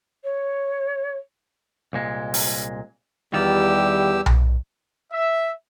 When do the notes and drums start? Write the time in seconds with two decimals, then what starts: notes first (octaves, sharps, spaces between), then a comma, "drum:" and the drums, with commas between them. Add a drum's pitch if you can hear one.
0.23 C#5
1.93 C2 A#2 G#3
2.34 drum: open hi-hat
3.33 E2 D#3 E3 G3 F4 G4 E6
4.26 drum: tom B1
5.13 E5